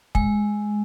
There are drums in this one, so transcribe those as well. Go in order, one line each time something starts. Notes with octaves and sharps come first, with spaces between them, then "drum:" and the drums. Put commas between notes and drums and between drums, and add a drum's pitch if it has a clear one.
G#3, drum: kick